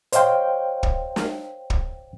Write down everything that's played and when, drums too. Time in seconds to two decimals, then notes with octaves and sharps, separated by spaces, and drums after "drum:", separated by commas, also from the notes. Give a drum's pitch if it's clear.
0.12 C5 C#5 D#5 F5 G5 C6, drum: hi-hat
0.83 drum: kick
1.16 drum: snare
1.70 drum: kick